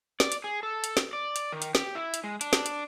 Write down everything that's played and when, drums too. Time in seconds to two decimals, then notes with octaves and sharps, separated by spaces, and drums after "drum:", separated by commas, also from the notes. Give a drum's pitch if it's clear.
0.20 D5, drum: snare
0.32 drum: hi-hat
0.44 G#4
0.63 A4
0.84 drum: hi-hat
0.97 drum: snare
1.13 D5
1.36 drum: hi-hat
1.52 D#3
1.62 drum: hi-hat
1.75 G4, drum: snare
1.95 E4
2.14 drum: hi-hat
2.24 G#3
2.41 D4, drum: hi-hat
2.53 drum: snare
2.66 drum: hi-hat